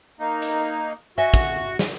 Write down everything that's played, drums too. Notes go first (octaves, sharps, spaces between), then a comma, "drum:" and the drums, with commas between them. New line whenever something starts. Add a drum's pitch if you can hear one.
A#3 D#4
drum: hi-hat
F#4 D#5 E5 G#5 C#6
drum: kick, hi-hat
drum: snare